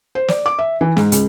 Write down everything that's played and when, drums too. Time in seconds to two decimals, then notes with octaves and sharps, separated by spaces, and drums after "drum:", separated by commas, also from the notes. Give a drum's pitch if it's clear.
0.15 C5
0.28 D5, drum: snare
0.46 D6
0.59 E5
0.81 E3
0.97 G#2, drum: snare
1.12 C#2, drum: hi-hat